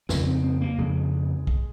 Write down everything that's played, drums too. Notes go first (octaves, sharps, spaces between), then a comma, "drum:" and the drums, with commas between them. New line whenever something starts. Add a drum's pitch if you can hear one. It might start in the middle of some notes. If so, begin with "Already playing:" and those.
F2 C#3 C#4, drum: snare
C4
C4
A#3
F2 C#3 G#3
drum: kick